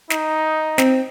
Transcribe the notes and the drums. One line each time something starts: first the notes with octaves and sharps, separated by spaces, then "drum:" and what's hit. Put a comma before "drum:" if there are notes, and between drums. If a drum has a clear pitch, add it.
D#4, drum: snare
C4, drum: snare